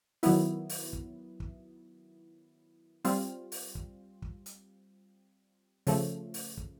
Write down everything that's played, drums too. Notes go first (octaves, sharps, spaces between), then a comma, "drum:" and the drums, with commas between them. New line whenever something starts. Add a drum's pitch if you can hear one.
D#3 F#3 B3 E4, drum: open hi-hat
drum: open hi-hat
drum: kick
drum: kick
G3 C4 F4, drum: open hi-hat
drum: open hi-hat
drum: kick
drum: kick
drum: hi-hat
C#3 F3 A3, drum: open hi-hat
drum: open hi-hat
drum: kick